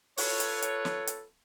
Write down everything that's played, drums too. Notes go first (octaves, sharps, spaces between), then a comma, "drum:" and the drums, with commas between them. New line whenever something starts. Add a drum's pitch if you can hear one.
F4 A4 B4 C#5, drum: open hi-hat
drum: hi-hat
drum: hi-hat
drum: snare
drum: hi-hat